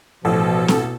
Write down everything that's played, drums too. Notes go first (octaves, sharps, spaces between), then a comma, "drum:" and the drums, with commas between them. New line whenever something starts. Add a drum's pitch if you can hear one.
A1 B2 F3 A4
drum: snare